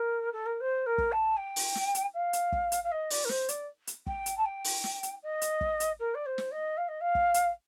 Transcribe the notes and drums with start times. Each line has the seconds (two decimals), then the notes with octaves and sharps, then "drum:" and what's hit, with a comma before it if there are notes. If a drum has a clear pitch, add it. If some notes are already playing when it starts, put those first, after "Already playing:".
Already playing: A#4
0.32 A4
0.45 A#4
0.60 C5
0.86 A#4
0.98 drum: kick
1.12 A5
1.36 G5
1.56 drum: open hi-hat
1.75 drum: snare
1.95 drum: hi-hat
2.13 F5
2.33 drum: hi-hat
2.52 drum: kick
2.72 drum: hi-hat
2.83 F5
2.91 D#5
3.10 D5, drum: open hi-hat
3.24 A#4
3.29 C5, drum: snare
3.49 D5, drum: hi-hat
3.87 drum: hi-hat
4.07 G5, drum: kick
4.26 drum: hi-hat
4.37 A5
4.45 G5
4.64 drum: open hi-hat
4.84 drum: snare
5.03 drum: hi-hat
5.22 D#5
5.42 drum: hi-hat
5.61 drum: kick
5.80 drum: hi-hat
5.99 A#4
6.14 D5
6.25 C5
6.38 drum: snare
6.51 D#5
6.77 F5
6.88 D#5
7.00 F5
7.15 drum: kick
7.34 drum: hi-hat